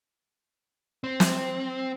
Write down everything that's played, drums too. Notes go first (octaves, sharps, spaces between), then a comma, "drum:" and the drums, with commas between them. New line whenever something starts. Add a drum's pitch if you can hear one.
C4
drum: snare